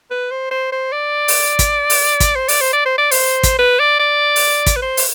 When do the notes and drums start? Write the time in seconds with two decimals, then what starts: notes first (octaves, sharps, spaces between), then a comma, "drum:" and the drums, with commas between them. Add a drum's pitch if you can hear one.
0.11 B4
0.31 C5
0.51 C5
0.72 C5
0.92 D5
1.28 drum: open hi-hat
1.59 drum: kick, hi-hat
1.90 drum: open hi-hat
2.20 drum: kick, hi-hat
2.36 C5
2.48 D5, drum: open hi-hat
2.61 C5
2.73 D5
2.86 C5
2.98 D5
3.11 C5, drum: open hi-hat
3.43 drum: kick, hi-hat
3.59 B4
3.80 D5
3.99 D5
4.36 drum: open hi-hat
4.67 drum: kick, hi-hat
4.76 B4
4.82 C5
4.97 drum: open hi-hat